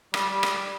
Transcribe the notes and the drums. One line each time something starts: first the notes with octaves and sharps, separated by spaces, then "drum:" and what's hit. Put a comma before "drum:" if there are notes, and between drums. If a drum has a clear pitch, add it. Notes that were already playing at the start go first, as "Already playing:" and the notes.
G3, drum: rim click
G3
drum: rim click